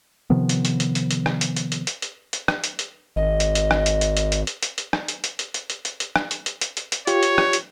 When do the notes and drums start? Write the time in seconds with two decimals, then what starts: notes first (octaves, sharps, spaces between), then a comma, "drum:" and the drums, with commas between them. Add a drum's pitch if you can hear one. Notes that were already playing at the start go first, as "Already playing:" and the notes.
0.30 C3 D#3 F3 B3
0.49 drum: hi-hat
0.65 drum: hi-hat
0.80 drum: hi-hat
0.95 drum: hi-hat
1.11 drum: hi-hat
1.26 drum: rim click
1.41 drum: hi-hat
1.56 drum: hi-hat
1.72 drum: hi-hat
1.87 drum: hi-hat
2.02 drum: hi-hat
2.33 drum: hi-hat
2.48 drum: rim click
2.64 drum: hi-hat
2.79 drum: hi-hat
3.16 G#1 D#5
3.40 drum: hi-hat
3.55 drum: hi-hat
3.71 drum: rim click
3.86 drum: hi-hat
4.01 drum: hi-hat
4.17 drum: hi-hat
4.32 drum: hi-hat
4.47 drum: hi-hat
4.63 drum: hi-hat
4.78 drum: hi-hat
4.93 drum: rim click
5.08 drum: hi-hat
5.24 drum: hi-hat
5.39 drum: hi-hat
5.54 drum: hi-hat
5.70 drum: hi-hat
5.85 drum: hi-hat
6.00 drum: hi-hat
6.16 drum: rim click
6.31 drum: hi-hat
6.46 drum: hi-hat
6.61 drum: hi-hat
6.77 drum: hi-hat
6.92 drum: hi-hat
7.07 F4 G4 C#5, drum: hi-hat
7.23 drum: hi-hat
7.38 drum: rim click
7.53 drum: hi-hat